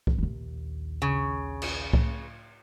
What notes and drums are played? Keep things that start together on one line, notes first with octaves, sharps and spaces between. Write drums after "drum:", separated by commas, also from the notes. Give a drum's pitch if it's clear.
drum: kick C2
A#1 D#2
C#3
drum: cymbal
drum: kick C2